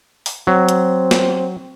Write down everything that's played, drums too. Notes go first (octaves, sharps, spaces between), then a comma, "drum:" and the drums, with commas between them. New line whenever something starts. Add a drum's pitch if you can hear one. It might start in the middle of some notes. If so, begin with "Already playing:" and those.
drum: open hi-hat
F#3 C4
drum: hi-hat
drum: snare